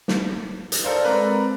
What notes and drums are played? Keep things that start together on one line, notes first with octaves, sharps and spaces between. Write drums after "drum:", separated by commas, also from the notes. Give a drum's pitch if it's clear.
drum: snare
drum: hi-hat
A4 A#4 C5 D5
G#3 C4 A#4 B4 D5 A#5